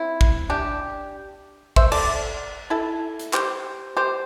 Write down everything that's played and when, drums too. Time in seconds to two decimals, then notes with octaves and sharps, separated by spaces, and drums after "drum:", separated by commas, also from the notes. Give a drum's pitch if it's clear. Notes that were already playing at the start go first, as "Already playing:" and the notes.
Already playing: C4 E4
0.21 drum: kick
0.50 D4 G4
1.76 C5 E5, drum: kick
1.92 A4 D5, drum: cymbal
2.70 E4 A4
3.20 drum: hi-hat
3.33 G4 C5, drum: clap
3.97 G4 C5